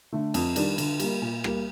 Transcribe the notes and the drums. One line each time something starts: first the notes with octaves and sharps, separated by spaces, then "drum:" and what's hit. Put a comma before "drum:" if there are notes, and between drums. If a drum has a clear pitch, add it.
D3 A3
F2, drum: cymbal
D#3 G3 D4, drum: cymbal
D3, drum: cymbal
G3 A#3, drum: cymbal
A#2
G3 A#3, drum: rim click